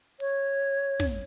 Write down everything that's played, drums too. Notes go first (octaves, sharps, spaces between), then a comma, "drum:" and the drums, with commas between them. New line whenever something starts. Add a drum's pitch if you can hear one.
C#5, drum: open hi-hat
drum: snare